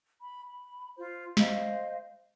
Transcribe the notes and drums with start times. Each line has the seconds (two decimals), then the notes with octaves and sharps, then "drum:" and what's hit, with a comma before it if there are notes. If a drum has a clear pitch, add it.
0.20 B5
0.46 B5
0.97 F4 C5
1.37 C5 D#5 F5, drum: snare